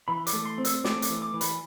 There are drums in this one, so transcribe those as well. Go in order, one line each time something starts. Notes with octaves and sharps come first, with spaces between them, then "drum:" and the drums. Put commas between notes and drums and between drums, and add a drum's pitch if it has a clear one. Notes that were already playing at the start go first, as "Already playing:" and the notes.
E3 B5
D6, drum: hi-hat
A3
C6
C4
E6, drum: hi-hat
A3 D6, drum: snare
D6, drum: hi-hat
E3
D6
E3
B5, drum: hi-hat